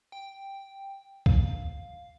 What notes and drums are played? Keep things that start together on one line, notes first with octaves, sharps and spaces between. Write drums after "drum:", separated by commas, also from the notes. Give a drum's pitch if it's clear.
G5
F5, drum: kick B1